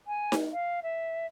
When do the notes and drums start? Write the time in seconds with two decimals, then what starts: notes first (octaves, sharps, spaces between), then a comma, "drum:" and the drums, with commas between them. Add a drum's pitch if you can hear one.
0.07 G#5
0.32 drum: snare D#4
0.52 F5
0.83 E5